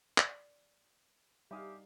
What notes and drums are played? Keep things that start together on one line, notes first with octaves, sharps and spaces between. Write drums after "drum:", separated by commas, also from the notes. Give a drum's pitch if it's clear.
D5, drum: clap
G3 D#4 G4 E5 F5 G#5 D#6